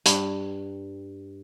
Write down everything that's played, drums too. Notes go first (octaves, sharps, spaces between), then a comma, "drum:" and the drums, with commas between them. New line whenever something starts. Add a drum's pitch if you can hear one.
G2, drum: hi-hat